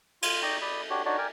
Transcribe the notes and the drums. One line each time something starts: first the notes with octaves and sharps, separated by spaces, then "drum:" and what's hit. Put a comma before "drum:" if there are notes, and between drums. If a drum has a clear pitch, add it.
F4, drum: cymbal
D#4 D5 D#5 G5 A#5 C#6
D5 B5 D#6
D4 F#4 G4 C#5
D4 D#4 F#4 C#5 D5
A#4 D5 G5 G#5